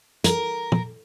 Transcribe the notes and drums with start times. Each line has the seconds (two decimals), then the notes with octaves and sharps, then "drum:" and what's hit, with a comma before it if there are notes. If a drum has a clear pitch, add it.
0.24 A#4, drum: hi-hat
0.72 drum: tom